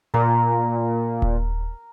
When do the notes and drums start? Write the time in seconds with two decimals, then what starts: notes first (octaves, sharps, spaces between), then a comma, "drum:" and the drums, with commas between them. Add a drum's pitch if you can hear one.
0.14 A#2 A#4
1.22 drum: kick D#1